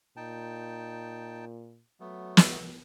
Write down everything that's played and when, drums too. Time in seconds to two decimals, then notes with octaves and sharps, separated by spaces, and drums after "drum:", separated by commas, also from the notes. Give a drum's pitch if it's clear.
0.17 A#2 D#4 G5 A5
2.00 F#3 A3 B3
2.37 drum: snare